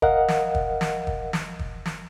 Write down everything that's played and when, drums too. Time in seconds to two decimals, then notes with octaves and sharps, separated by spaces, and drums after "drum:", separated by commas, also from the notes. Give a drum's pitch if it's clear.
0.02 A#4 D#5 F5 F#5, drum: kick
0.28 drum: snare
0.55 drum: kick
0.81 drum: snare
1.07 drum: kick
1.33 drum: snare
1.59 drum: kick
1.86 drum: snare